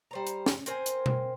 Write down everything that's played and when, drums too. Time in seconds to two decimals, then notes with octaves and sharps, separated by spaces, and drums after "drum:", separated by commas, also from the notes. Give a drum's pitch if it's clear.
0.11 G3 C5 A#5
0.27 drum: hi-hat
0.46 drum: snare
0.66 C4 A#4 C5 G#5, drum: hi-hat
0.86 drum: hi-hat
1.06 drum: tom B2